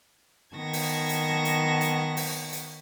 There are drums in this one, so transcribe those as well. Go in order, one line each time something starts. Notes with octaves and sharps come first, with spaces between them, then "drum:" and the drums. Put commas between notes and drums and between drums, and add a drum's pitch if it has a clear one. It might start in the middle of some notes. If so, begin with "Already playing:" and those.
D#3 B3 A5 C#6 G#6 A#6
drum: open hi-hat
drum: hi-hat
drum: hi-hat
drum: hi-hat
drum: open hi-hat
drum: hi-hat